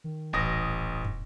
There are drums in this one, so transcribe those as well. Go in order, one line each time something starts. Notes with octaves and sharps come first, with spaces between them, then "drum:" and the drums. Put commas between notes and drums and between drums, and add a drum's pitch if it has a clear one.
D#3
D#1 A1 D#6 A#6
drum: tom